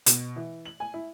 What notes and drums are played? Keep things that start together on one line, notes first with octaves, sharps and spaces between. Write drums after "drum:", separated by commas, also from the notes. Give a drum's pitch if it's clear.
B2, drum: hi-hat
E3
F#7
G#5
E4